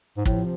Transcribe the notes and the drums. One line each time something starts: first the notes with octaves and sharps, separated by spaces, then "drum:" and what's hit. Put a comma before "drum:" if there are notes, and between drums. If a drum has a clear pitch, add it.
G#2
A2 C3 F3, drum: kick